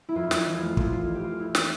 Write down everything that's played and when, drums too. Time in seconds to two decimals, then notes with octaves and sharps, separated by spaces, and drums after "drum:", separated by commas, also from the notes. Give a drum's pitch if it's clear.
0.09 E4
0.15 F2 F4
0.31 F2, drum: snare
0.36 E4
0.46 E3
0.56 F4
0.62 A3
0.77 F2 F4, drum: kick
0.92 F2 F4
1.08 E3
1.15 G4
1.24 A3 F4
1.39 F2 E4
1.55 drum: snare